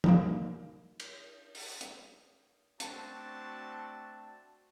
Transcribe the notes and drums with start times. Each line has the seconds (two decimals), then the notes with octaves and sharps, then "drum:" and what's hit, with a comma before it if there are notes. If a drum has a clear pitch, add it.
0.04 A#3 D4 D#4, drum: tom
1.00 drum: cymbal
1.55 drum: open hi-hat
1.81 drum: hi-hat
2.80 A3 C4 D4 F#4 A5, drum: hi-hat